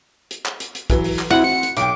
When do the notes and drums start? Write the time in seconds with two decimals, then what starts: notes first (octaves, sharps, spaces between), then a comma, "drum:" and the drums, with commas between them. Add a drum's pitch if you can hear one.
0.31 drum: hi-hat
0.46 drum: clap
0.60 drum: hi-hat
0.75 drum: hi-hat
0.90 E3 F#3, drum: kick, hi-hat
1.04 drum: open hi-hat
1.19 drum: clap
1.30 C4 E4 F#4 F#5
1.44 C#7
1.63 drum: hi-hat
1.77 B1 G5 D6, drum: hi-hat